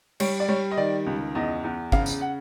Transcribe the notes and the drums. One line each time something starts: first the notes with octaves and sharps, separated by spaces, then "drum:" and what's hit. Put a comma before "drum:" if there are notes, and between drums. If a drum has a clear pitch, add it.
G3 C#5, drum: cymbal
D5
G3 C#5
D#5
D#3 D5
C#2
E2 D#5
E2
C#3 F5, drum: kick G#1
drum: tambourine
F#5